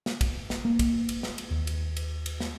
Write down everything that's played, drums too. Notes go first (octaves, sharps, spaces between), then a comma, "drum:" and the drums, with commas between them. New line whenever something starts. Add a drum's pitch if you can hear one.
drum: snare
drum: kick, cymbal
drum: snare
A#3
drum: kick, cymbal
drum: cymbal
drum: snare
drum: cymbal
D#2
drum: cymbal
drum: cymbal
drum: cymbal
drum: snare